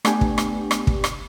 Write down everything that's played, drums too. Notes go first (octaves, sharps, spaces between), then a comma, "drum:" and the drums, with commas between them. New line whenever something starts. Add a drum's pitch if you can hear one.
A3 B3 D4 G4 G#5, drum: rim click
drum: kick
drum: rim click
drum: rim click
drum: kick
drum: rim click